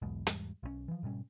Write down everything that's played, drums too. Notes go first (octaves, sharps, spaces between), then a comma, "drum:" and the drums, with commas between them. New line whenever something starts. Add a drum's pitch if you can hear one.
B1 E2 G#2 B2
E2 G#2 G3, drum: hi-hat
B1 D#3 C#4
E3 F3
G#2 B2 G3 C#4